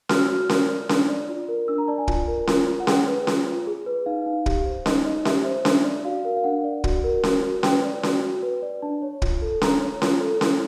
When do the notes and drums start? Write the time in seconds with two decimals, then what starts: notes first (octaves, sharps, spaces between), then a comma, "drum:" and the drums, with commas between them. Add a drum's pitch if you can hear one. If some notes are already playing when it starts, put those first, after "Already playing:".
0.09 F#4 F6, drum: snare C#4
0.19 E6
0.29 F#4 F6
0.49 A#4, drum: snare C#4
0.69 D5
0.89 D4, drum: snare C#4
1.09 D5
1.29 F4
1.49 A#4
1.68 D4 E6
1.78 A#5
1.88 D5 A5
1.98 G#5
2.08 F4, drum: kick
2.28 A#4
2.47 F4, drum: snare C#4
2.67 F4
2.80 F#5
2.87 G#4 G5, drum: snare C#4
3.07 B4
3.27 F4, drum: snare C#4
3.47 F4
3.67 G#4
3.86 B4
4.06 D#4 F5
4.26 D#4
4.46 G4, drum: kick
4.66 C5
4.86 D#4 D#5, drum: snare C#4
5.05 D#4 D#5
5.25 G4 E5, drum: snare C#4
5.45 C5
5.65 D4, drum: snare C#4
5.85 D5
6.05 F#4 F5
6.25 A#4
6.36 F5
6.44 D4 F#5
6.64 D5
6.84 F#4, drum: kick
7.04 A#4
7.23 F#4, drum: snare C#4
7.43 F#4
7.63 B4 G5, drum: snare C#4
7.83 D5
8.03 F#4, drum: snare C#4
8.23 F#4
8.42 B4
8.62 D5
8.82 D4 A5
9.02 C#5
9.22 F4, drum: kick
9.42 A4
9.62 D4 A#5, drum: snare C#4
9.82 C#5
10.02 F4, drum: snare C#4
10.21 A4
10.41 E4, drum: snare C#4